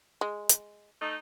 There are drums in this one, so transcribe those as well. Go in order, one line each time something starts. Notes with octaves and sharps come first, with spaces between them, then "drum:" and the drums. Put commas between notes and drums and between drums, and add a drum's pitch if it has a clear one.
G#3
drum: hi-hat
A3 D#4